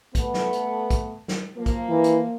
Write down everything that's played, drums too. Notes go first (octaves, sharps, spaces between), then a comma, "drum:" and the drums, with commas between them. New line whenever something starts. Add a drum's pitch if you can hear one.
A3 B3, drum: kick, hi-hat
drum: snare
drum: hi-hat
drum: kick, hi-hat
drum: snare
F3 A#3
drum: kick, hi-hat
E3
drum: hi-hat